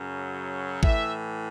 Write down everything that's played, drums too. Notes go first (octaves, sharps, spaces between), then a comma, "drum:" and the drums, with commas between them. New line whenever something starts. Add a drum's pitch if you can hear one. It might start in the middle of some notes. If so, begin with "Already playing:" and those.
Already playing: F#2 C#3 F#3
A2 E3 E5, drum: kick